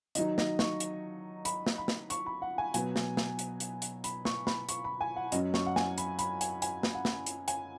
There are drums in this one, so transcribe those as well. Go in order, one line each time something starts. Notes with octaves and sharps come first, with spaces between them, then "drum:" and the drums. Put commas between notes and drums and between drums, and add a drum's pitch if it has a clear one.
D#3 F#3 D#4 D#5, drum: hi-hat
D#5, drum: snare
C#6, drum: snare
drum: hi-hat
B5, drum: hi-hat
drum: snare
B5
drum: snare
C#6, drum: hi-hat
B5
F#5
G#5
B2 F#3 B3 G#5, drum: hi-hat
drum: snare
drum: snare
drum: hi-hat
drum: hi-hat
drum: hi-hat
B5, drum: hi-hat
C#6, drum: snare
B5, drum: snare
C#6, drum: hi-hat
B5
G#5
F#5
F#2 F#3 C#4 D#5, drum: hi-hat
C#6, drum: snare
F#5
G#5, drum: snare
B5, drum: hi-hat
B5, drum: hi-hat
G#5, drum: hi-hat
G#5, drum: hi-hat
drum: snare
F#5
drum: snare
drum: hi-hat
G#5, drum: hi-hat